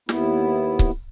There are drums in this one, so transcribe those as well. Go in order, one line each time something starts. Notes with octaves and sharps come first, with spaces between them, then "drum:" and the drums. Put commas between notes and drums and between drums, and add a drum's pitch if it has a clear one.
D#2 B3 E4, drum: snare
drum: kick C#1